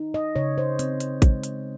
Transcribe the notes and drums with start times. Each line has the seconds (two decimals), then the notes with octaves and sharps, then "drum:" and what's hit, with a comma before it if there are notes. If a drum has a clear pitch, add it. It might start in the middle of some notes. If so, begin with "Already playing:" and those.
Already playing: D#4
0.14 D#5
0.36 C#3 C#5
0.58 C5
0.79 C4, drum: hi-hat
1.00 drum: hi-hat
1.22 G#3, drum: kick A1, hi-hat
1.44 drum: hi-hat